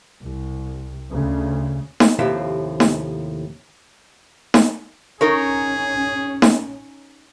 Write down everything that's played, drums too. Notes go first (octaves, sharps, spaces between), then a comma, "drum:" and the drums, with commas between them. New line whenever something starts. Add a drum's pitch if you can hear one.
C2
D2 C#3
drum: snare D#4
D#2 A2 C3 F3 C5 E5
drum: snare D#4
drum: snare D#4
C#4 D#4 G#4 A#4 C#5
drum: snare D#4